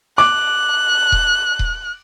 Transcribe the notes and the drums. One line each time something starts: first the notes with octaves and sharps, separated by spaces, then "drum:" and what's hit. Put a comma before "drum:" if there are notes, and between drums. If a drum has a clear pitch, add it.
D6 F#6, drum: rim click
drum: kick D#1
drum: kick D#1